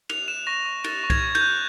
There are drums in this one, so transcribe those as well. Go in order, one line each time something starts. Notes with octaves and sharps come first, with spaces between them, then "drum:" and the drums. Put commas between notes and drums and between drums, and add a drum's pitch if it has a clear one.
F#6 F7, drum: cymbal
F#6 E7
C#6 A#6
C#6
F#6 A6, drum: cymbal
C#6
G#6, drum: kick C2, cymbal
C#6
G6, drum: cymbal
F#6